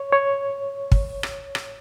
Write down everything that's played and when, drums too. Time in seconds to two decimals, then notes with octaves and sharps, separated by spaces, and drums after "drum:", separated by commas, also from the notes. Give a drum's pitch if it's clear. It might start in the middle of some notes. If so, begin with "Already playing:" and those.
Already playing: C#5
0.13 C#5
0.92 drum: kick
1.23 drum: rim click
1.55 drum: rim click